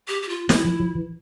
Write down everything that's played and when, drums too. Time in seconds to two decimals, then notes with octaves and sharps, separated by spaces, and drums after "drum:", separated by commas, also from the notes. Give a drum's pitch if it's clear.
0.08 G4
0.22 G4
0.29 F4
0.49 E3 E4, drum: snare
0.65 F3
0.80 F3
0.95 E3